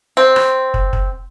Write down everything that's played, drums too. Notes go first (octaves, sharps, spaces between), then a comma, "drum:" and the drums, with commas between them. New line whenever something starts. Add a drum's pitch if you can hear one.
C4
drum: rim click
drum: kick
drum: kick